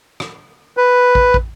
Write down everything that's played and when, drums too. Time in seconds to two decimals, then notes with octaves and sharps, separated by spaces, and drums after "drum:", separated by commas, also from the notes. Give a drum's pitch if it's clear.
0.20 drum: rim click
0.77 B4
1.15 drum: kick
1.34 drum: kick